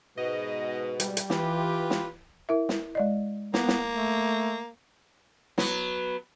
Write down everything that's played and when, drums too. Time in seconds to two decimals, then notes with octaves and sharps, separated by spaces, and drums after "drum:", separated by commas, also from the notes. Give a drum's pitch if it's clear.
0.17 G#2 B2 D#5
1.00 G3, drum: hi-hat
1.17 drum: hi-hat
1.30 E3 F4 G4 B4, drum: snare
1.90 drum: snare
2.49 E4 A#4 E5
2.69 drum: snare
2.95 G#3 D5 D#5
3.54 A#3 B3, drum: snare
3.68 drum: snare
3.94 A3
5.58 F#3 B3, drum: snare